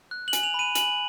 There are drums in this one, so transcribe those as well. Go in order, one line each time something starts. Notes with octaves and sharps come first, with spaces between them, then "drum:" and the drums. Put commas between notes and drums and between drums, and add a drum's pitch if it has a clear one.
F#6
F#7
G#5, drum: hi-hat
F7
B5 D#7
G#5 F#7, drum: hi-hat